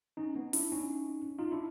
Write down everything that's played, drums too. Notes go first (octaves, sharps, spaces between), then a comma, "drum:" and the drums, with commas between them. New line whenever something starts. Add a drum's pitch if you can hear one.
C#4 D#4
B3 C#4
D4 E4, drum: open hi-hat
C#4 D#4
D#4 F4
D4 E4